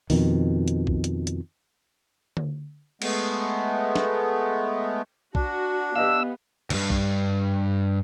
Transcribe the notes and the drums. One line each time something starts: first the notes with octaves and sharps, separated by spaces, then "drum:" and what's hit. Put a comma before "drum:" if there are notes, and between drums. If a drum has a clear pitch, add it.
F2 B2 D#3, drum: open hi-hat
drum: hi-hat
drum: kick
drum: hi-hat
drum: hi-hat
drum: tom D3
G#3 A3 B3, drum: cymbal
drum: snare
D4 F#4, drum: kick
B3 G4 D#5 F5 E6
D2 G2, drum: cymbal
drum: kick